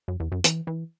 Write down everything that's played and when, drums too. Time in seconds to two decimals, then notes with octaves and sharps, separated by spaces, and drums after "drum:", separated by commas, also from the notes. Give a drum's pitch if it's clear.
0.08 F#2
0.20 E2
0.32 F#2
0.44 E3, drum: hi-hat
0.67 E3